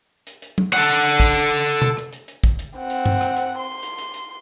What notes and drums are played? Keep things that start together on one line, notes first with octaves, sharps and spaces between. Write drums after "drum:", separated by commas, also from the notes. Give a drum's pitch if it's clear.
drum: hi-hat
drum: hi-hat
drum: tom F#3
A4 F#5, drum: rim click
drum: hi-hat
drum: kick, hi-hat
drum: hi-hat
drum: hi-hat
drum: hi-hat
drum: tom B2
drum: rim click
drum: hi-hat
drum: hi-hat
drum: kick, hi-hat
drum: hi-hat
C4 F#5
drum: hi-hat
drum: tom G2
drum: rim click
drum: hi-hat
C6
drum: hi-hat
drum: hi-hat
drum: hi-hat